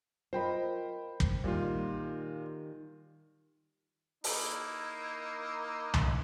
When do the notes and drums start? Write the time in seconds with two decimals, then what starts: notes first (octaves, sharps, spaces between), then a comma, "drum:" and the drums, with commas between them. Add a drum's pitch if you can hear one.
0.33 F4 A#4 C5 D#5 G5 B5
1.20 drum: kick
1.44 A#2 D#3 G3 F4
4.24 A#3 D#4 E4, drum: open hi-hat
5.94 drum: tom C2